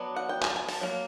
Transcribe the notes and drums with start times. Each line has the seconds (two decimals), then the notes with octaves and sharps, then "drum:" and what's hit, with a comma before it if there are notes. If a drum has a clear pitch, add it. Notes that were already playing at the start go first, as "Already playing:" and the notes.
Already playing: F#3 B3 D4
0.16 F#5
0.29 G5
0.42 G#5, drum: clap
0.50 A5
0.56 G#5
0.69 A5, drum: open hi-hat
0.81 F#3 A#3